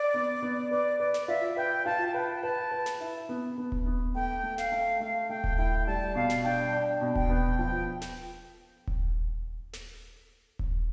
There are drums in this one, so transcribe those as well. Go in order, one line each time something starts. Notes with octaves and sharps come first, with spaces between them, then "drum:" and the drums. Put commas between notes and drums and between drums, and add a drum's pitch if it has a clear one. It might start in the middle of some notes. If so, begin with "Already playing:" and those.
Already playing: D5
B3
B3
B4 D5
B4 D5
drum: snare
F4 E5
B4 G5
F4 A5
A5
B4 G5
B4 A5
B4
drum: snare
E4
B3
B3
drum: kick D#1
B3
A3 G5
A3
F5, drum: snare
A3
A3 F5
A3 G5
drum: kick D#1
E4 G5
G3 A5
B2 F5
drum: snare
D4 G5
D4
B2
G5, drum: kick D#1
B3
F3 G5
drum: snare
drum: kick D#1
drum: snare
drum: kick D#1